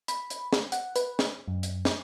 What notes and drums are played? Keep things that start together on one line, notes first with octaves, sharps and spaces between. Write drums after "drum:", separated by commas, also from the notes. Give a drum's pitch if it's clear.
B5, drum: hi-hat
drum: hi-hat
drum: snare
F#5, drum: hi-hat
B4, drum: hi-hat
drum: snare
F#2
drum: hi-hat
drum: snare